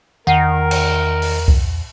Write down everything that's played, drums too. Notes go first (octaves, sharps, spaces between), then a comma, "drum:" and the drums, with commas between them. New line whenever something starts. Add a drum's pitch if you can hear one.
E2 D#3 A#4 F#5 C7 D#7
drum: cymbal
drum: open hi-hat
drum: kick C2